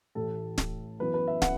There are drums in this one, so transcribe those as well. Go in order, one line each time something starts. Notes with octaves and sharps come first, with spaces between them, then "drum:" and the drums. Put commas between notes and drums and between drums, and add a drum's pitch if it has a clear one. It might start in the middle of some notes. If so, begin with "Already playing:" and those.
A1 A2 E3 A3 A4
drum: snare
F#2 E3 B3 B4
B4
E5
F#5, drum: snare